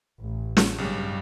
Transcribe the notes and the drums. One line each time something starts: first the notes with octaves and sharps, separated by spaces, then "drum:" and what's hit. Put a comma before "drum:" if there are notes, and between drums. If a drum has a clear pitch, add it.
A1
drum: snare
B1 G2 C#3 G3